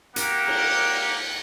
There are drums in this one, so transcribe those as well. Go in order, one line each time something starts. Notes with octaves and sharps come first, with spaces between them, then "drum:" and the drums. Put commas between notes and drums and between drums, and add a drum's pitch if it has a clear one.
A#3 G4 A#4 F#5, drum: hi-hat
drum: cymbal